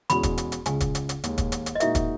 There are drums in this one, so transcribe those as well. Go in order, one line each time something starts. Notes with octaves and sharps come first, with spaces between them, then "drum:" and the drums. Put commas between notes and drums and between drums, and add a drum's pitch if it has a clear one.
E2 B2 G#3 C#4 F#4 B5, drum: hi-hat
drum: kick, hi-hat
drum: hi-hat
drum: hi-hat
C#2 C#3 G#3 G#5, drum: hi-hat
drum: kick, hi-hat
drum: hi-hat
drum: hi-hat
D#2 D#3 G#3, drum: hi-hat
drum: kick, hi-hat
drum: hi-hat
drum: hi-hat
D#5
A#2 G#3 D#4 F#4 A#4 E5, drum: hi-hat
drum: kick, hi-hat